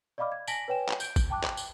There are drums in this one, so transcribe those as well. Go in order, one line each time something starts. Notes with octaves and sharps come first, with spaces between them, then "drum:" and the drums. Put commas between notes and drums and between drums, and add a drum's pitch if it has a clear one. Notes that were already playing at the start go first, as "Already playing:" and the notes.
D5 D#5 F5 B5 D6 F6
G#6
G#5 A5 A#6 B6 D7 F#7, drum: tambourine
B4 C#5 G5 G#5 E7
drum: clap
G6 D7, drum: tambourine
drum: kick, tambourine
G5 A5 D6 F#6
drum: clap
drum: tambourine